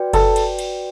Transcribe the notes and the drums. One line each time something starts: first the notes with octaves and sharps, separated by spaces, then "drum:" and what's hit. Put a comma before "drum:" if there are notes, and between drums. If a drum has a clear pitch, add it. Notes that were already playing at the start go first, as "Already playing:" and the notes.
Already playing: F#4 B4 D5 G5
A4 A5, drum: kick F#1, cymbal
drum: cymbal
drum: cymbal